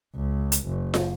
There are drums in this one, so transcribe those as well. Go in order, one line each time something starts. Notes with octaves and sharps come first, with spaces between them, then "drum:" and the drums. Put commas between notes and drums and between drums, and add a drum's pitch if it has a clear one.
C#2
drum: hi-hat
F#1
drum: snare